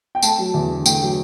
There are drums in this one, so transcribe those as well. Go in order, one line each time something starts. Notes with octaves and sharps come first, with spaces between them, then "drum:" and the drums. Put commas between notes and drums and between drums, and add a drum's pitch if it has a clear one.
G5
A3 A5, drum: tambourine
F#3
E2
D3
A3 G5, drum: tambourine
F#3